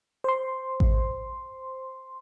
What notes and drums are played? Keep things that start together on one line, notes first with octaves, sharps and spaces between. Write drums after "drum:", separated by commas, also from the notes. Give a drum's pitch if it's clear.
C5 C6
drum: kick A1